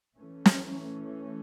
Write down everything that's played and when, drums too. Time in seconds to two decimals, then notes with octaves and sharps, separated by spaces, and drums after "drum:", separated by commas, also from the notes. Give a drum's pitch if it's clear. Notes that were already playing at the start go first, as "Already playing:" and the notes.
0.17 E3 A3 C#4
0.46 drum: snare